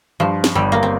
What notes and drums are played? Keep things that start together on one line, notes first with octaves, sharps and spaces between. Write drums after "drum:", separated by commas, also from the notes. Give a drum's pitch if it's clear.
G2 F3
drum: snare
G1 G3
A#3
C4